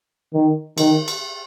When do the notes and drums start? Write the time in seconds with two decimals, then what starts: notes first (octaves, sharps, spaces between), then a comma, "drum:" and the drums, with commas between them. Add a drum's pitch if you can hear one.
0.34 D#3
0.78 D#3, drum: cymbal
1.08 drum: cymbal